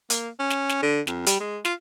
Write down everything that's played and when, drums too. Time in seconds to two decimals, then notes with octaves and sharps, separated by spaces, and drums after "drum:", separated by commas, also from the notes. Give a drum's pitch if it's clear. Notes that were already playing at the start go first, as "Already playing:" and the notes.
0.10 A#3, drum: hi-hat
0.39 C#4
0.50 drum: snare
0.69 drum: snare
0.82 D3
1.07 F2, drum: snare
1.26 G3, drum: hi-hat
1.40 G#3
1.65 F4, drum: snare